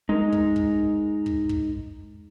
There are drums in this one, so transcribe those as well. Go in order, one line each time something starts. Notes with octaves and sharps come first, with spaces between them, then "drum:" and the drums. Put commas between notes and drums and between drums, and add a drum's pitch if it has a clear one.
G#3 D#4 A#4
drum: kick
drum: kick
drum: kick
drum: kick